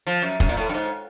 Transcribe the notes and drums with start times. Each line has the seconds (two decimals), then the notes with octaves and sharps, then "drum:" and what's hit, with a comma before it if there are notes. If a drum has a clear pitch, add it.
0.07 F3
0.22 F#2
0.40 F#2, drum: kick
0.49 A#2
0.57 A2
0.69 G2
0.74 G#2